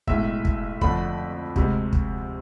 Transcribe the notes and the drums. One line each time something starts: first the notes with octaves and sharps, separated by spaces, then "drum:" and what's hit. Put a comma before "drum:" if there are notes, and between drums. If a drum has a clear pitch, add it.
B1 A2 G#3 E5, drum: kick
drum: kick
F2 D3 A3 B5, drum: kick
D2 C3 G#3, drum: kick
drum: kick